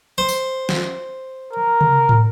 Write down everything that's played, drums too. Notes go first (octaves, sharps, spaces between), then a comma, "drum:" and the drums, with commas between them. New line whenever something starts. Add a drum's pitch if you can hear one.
C5
drum: tambourine
drum: snare
A#4
drum: tom C3
drum: tom